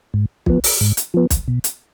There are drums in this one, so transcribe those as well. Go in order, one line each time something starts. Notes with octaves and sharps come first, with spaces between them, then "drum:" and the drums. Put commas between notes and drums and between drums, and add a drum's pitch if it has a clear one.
G#2
F3 B3, drum: kick B1
drum: open hi-hat
G#2
drum: hi-hat
F3 B3
drum: kick B1, hi-hat
B2
drum: hi-hat